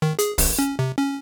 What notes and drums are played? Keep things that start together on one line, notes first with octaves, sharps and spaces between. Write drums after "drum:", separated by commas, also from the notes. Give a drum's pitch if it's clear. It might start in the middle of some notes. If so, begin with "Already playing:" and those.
D#3
G#4, drum: hi-hat
A1, drum: kick, open hi-hat
C#4
C3
C#4